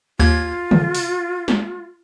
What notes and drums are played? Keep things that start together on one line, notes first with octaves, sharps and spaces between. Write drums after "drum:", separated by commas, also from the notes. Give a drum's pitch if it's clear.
D#2 F4 G#6
drum: tom
drum: open hi-hat
drum: snare